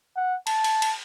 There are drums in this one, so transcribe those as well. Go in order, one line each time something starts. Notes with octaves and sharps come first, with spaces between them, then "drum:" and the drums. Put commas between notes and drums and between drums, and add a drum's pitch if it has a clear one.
F#5
A5, drum: cymbal
drum: cymbal
drum: cymbal